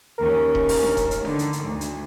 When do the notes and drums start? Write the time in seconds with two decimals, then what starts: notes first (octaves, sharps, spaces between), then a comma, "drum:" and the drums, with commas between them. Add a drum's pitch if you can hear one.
0.18 D#2 C#4 A#4
0.55 drum: kick D#1
0.69 drum: open hi-hat
0.83 drum: snare D4
0.97 drum: kick D#1, hi-hat
1.11 drum: hi-hat
1.25 D3 D#3, drum: snare D4
1.39 drum: hi-hat
1.53 drum: hi-hat
1.62 D2
1.81 drum: hi-hat